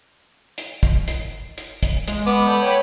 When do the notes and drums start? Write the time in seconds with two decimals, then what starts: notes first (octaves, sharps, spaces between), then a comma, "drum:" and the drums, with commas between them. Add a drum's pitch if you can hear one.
0.58 drum: hi-hat
0.83 drum: kick, hi-hat
1.08 drum: hi-hat
1.58 drum: hi-hat
1.83 drum: kick, hi-hat
2.08 G#3, drum: hi-hat
2.26 B3 B5 D6
2.47 A4 D5 B5 G6
2.63 B4 C#5 G5